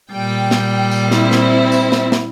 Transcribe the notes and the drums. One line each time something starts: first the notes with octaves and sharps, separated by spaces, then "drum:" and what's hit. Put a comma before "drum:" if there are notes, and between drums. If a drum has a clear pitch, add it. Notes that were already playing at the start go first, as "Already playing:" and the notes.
A#2 G3 G5
drum: snare
drum: tambourine
C4 E4, drum: snare
drum: snare
drum: tambourine
drum: snare
drum: snare